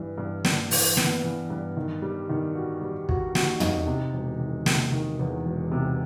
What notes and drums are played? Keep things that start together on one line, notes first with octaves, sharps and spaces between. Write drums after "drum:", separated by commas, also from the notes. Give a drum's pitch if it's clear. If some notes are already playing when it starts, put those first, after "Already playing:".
Already playing: G2 E3
G2
G2, drum: snare
E3, drum: open hi-hat
B3, drum: snare
E3
G2
D#3
G3
D#3
F#4
G3
F#4, drum: kick
F#4, drum: snare
D#4, drum: tom
C3
E1
D#3
C3, drum: snare
D#3
E2
E1
C3